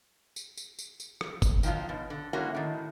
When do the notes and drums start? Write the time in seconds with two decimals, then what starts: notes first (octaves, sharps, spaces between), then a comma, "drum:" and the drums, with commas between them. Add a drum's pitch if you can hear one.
0.36 drum: tambourine
0.57 drum: tambourine
0.79 drum: tambourine
1.00 drum: tambourine
1.21 drum: rim click
1.42 drum: kick G1, tambourine
1.63 D#3 F3 F#3 F4, drum: tambourine
1.89 B2
2.10 D3
2.33 G#3 A#3 C#4 E4 F#4
2.55 A2 D#3